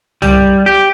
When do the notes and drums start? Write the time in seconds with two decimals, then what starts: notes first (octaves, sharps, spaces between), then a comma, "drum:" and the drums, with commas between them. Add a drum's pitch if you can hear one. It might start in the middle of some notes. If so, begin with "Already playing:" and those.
0.22 G3, drum: tom
0.66 G4